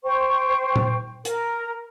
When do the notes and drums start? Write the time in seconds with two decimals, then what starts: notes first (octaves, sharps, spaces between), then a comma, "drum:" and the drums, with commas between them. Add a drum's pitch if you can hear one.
0.04 C5 G5 C#6
0.76 drum: tom A#2
1.25 A#4, drum: hi-hat